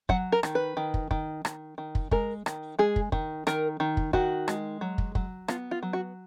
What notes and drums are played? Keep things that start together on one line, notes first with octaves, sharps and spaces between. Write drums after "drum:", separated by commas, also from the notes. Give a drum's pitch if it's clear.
F#3 F#5, drum: kick
A#4
D#3, drum: rim click
B4
D#3
drum: kick
D#3, drum: kick
D#3, drum: rim click
D#3
drum: kick
G#3 A#4, drum: kick
D#3, drum: rim click
G#3 G#4
drum: kick
D#3, drum: kick
D#3 A#4, drum: rim click
D#3
drum: kick
D#3 F#4, drum: kick
G#3, drum: rim click
F#3
drum: kick
F#3, drum: kick
B3 F4, drum: rim click
F4
F#3
F#4